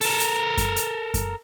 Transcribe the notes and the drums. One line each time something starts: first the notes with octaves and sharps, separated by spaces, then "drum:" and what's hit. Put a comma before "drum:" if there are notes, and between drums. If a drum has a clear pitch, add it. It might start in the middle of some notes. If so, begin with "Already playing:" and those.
A4 A#4, drum: open hi-hat
drum: hi-hat
drum: kick F#2, hi-hat
drum: hi-hat
drum: kick F#2, hi-hat